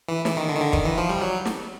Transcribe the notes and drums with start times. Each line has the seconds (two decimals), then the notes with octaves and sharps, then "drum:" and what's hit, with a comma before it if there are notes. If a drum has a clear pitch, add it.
0.09 E3
0.25 E3, drum: snare
0.37 D#3
0.49 D3
0.56 D#3
0.61 D3
0.73 D#3, drum: kick
0.85 E3
0.97 F3
1.09 G3
1.21 F#3
1.45 drum: snare